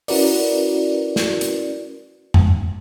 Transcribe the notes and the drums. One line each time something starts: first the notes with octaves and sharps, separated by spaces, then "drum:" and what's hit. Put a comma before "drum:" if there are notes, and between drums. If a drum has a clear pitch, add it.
C#4 E4 F#4 A#4 B4 D5, drum: open hi-hat
drum: snare
drum: hi-hat
drum: tom